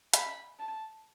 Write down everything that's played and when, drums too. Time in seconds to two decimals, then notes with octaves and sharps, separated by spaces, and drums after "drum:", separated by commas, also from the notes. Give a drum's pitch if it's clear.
0.13 B5, drum: hi-hat
0.59 A5